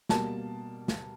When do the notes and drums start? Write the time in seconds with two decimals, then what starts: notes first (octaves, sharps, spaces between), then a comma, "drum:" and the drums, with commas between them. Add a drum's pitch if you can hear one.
0.09 B2 G3 A#3 A5, drum: snare
0.88 drum: snare